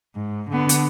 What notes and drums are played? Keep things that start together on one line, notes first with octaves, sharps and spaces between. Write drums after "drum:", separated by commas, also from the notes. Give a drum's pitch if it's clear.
G#2
D3 B3
drum: hi-hat